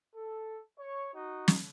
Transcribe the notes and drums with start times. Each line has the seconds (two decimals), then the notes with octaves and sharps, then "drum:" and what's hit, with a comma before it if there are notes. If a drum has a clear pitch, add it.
0.16 A4
0.78 C#5
1.13 D#4 F#4
1.48 drum: snare